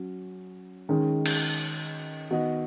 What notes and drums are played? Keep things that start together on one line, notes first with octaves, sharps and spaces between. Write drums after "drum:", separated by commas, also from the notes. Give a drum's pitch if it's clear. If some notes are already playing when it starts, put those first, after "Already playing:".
Already playing: F#3 C#4 F#4
D#3 G#3 C#4
drum: cymbal
D#3 B3 F#4 D#5